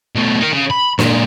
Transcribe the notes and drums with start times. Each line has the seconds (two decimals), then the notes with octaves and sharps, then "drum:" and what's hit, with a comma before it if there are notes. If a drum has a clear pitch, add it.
0.15 B2 A3
0.41 D#4 A#4
0.52 C#3
0.70 B5
0.99 A#2 G#3, drum: snare